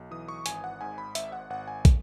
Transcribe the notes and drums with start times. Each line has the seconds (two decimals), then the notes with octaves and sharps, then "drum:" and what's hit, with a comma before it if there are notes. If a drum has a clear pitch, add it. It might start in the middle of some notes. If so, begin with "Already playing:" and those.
Already playing: B1
0.11 E3 D#6
0.28 C#6
0.46 G#1 G#5, drum: hi-hat
0.64 F#5
0.81 G#2 G#5
0.98 B5
1.15 G#1 E5, drum: hi-hat
1.32 F#5
1.50 G#1 F#5
1.68 G#5
1.85 drum: kick, hi-hat